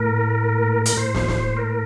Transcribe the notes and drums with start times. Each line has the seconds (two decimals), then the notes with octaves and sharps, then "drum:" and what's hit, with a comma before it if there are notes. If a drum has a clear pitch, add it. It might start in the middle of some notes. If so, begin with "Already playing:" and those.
Already playing: A2 A#4
0.86 A#4, drum: hi-hat
0.97 A2 C5
1.15 drum: snare
1.28 drum: snare
1.57 A#4